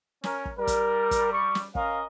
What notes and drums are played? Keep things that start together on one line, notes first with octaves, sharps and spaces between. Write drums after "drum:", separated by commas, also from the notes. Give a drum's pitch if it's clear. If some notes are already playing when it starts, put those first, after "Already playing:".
C#4 A#4, drum: snare
drum: kick
G3 A#4
drum: kick, hi-hat
drum: kick, hi-hat
C#6
drum: snare
C#4 A#4 D#5 F5, drum: kick